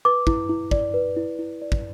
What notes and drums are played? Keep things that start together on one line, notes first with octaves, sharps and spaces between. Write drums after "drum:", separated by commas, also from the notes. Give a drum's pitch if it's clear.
B4 D6
E4, drum: kick
E4
D5, drum: kick
B4
E4
E4
D5
drum: kick